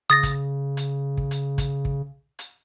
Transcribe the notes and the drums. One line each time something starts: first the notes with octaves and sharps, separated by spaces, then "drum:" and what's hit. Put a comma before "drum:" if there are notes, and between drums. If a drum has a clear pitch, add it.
C#3 D#6 A6 A#6
drum: kick, hi-hat
drum: hi-hat
drum: kick
drum: hi-hat
drum: kick, hi-hat
drum: kick
drum: hi-hat